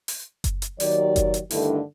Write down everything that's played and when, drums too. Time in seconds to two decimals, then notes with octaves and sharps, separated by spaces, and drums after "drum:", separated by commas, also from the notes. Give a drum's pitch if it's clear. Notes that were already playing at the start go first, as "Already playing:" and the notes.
0.08 drum: open hi-hat
0.44 drum: kick F#1, hi-hat
0.62 drum: hi-hat
0.80 D#2 D#3 F#3 G4 D5, drum: open hi-hat
1.16 drum: kick F#1, hi-hat
1.34 drum: hi-hat
1.51 G2 D3 D#3 A3 D4 E4, drum: open hi-hat